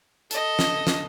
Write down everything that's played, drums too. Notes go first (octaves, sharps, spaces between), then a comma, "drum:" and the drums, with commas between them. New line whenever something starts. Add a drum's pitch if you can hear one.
A4 D#5, drum: hi-hat
drum: snare
drum: snare